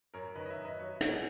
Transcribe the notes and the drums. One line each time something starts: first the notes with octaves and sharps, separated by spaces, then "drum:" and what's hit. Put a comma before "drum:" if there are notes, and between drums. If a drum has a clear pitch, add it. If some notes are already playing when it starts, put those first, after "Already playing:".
F#2 A#4 C#5
D#3 B4 D#5
D#5
C#5 E5
F#2
B4 D#5
F#3 C#5 E5
A#2 D#5 F#5, drum: hi-hat